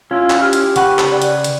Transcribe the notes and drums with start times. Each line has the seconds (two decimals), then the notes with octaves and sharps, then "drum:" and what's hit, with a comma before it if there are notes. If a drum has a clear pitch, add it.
0.11 C#4 E4 F4
0.30 drum: clap
0.41 G4 F6
0.53 drum: hi-hat
0.76 C#3 B4 F#5 G5 C#6, drum: hi-hat
0.99 drum: clap
1.12 D5
1.22 drum: hi-hat
1.44 drum: hi-hat